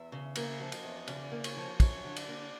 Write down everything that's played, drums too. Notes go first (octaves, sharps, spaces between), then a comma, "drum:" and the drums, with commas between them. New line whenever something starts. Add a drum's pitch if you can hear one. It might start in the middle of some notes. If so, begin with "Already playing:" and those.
Already playing: E2 E5
C#3
A#3 E5, drum: cymbal
F3
D#5, drum: cymbal
E2
C#3 D5, drum: cymbal
A#3
C#5, drum: cymbal
F3
F#2 C#5, drum: kick, cymbal
D3
D5, drum: cymbal
A#3